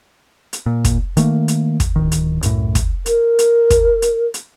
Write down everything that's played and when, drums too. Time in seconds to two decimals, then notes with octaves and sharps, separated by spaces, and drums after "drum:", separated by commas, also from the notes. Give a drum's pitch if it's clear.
0.53 drum: hi-hat
0.66 A#2
0.85 drum: kick, hi-hat
1.17 D#3 A3 A#3, drum: hi-hat
1.48 drum: hi-hat
1.80 drum: kick, hi-hat
1.96 D1 D#3
2.12 drum: hi-hat
2.43 C2 F#2 A2, drum: hi-hat
2.75 drum: kick, hi-hat
3.06 A#4, drum: hi-hat
3.39 drum: hi-hat
3.70 drum: kick, hi-hat
4.02 drum: hi-hat
4.34 drum: hi-hat